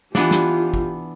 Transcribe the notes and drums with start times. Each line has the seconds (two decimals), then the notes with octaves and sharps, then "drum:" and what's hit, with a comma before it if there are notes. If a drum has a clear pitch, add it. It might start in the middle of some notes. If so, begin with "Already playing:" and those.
0.15 E3 B3 D4 F4 G4, drum: snare
0.31 drum: snare
0.74 drum: kick G1